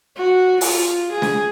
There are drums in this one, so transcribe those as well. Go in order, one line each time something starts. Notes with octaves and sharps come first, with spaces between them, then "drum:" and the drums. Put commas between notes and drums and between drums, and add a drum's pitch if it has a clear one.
F#4
F4, drum: open hi-hat
G#4
drum: snare